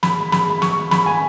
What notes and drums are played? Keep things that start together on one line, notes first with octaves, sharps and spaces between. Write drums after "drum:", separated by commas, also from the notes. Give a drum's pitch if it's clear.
B5, drum: snare
B5, drum: snare
C#6, drum: snare
B5, drum: snare
G#5